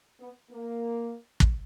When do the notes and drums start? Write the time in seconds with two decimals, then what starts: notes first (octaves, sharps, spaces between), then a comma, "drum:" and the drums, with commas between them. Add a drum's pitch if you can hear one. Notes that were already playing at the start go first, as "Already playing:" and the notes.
0.20 B3
0.50 A#3
1.40 drum: kick